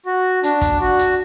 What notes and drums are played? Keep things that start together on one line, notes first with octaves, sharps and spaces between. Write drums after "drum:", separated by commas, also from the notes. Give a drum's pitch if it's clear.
F#4
D4, drum: hi-hat
drum: kick, hi-hat
F#4
drum: hi-hat